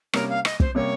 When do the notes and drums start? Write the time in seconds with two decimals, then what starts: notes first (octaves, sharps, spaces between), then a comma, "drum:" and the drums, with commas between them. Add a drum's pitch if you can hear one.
0.13 C3 G3 A#3 C#4 A#4, drum: rim click
0.29 F5
0.45 D#5, drum: rim click
0.60 C5, drum: kick
0.75 C3 G3 A#3 C#4 C#5